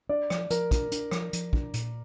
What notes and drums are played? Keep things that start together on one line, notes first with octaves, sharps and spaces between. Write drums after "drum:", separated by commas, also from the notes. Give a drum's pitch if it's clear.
D4 D5
F3, drum: rim click
F3 A#4, drum: hi-hat
D4, drum: kick, hi-hat
D4, drum: hi-hat
F3, drum: rim click
F3, drum: hi-hat
D4, drum: kick
A#2, drum: hi-hat